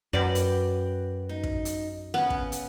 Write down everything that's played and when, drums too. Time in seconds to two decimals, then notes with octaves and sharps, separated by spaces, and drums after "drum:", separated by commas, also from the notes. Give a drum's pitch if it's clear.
0.13 F#2 F#4 B4 D5 G5
0.35 drum: hi-hat
1.29 D#4
1.43 drum: kick
1.65 drum: hi-hat
2.14 C#3 B3 C#4
2.30 drum: kick
2.52 drum: hi-hat